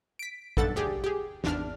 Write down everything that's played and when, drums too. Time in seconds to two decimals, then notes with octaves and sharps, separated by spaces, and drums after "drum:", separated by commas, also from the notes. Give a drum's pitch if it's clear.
0.19 B6 D7
0.57 B1 G2 A4 F#5 A6, drum: kick
0.76 D2 G4 G#4
1.04 G4 G#4
1.44 G#1 E2 D4 F6, drum: snare